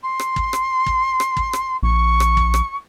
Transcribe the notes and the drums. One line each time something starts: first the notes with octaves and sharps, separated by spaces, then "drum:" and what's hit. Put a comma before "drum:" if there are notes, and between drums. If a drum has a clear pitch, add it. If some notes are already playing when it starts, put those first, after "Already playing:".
C6
drum: rim click
drum: kick
drum: rim click
drum: kick
drum: rim click
drum: kick
drum: rim click
A#1 C#6
drum: rim click
drum: kick
drum: rim click